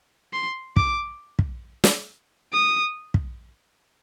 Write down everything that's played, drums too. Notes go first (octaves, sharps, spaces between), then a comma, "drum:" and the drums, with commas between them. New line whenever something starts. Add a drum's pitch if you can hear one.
C6
D6, drum: kick
drum: kick
drum: snare
D#6
drum: kick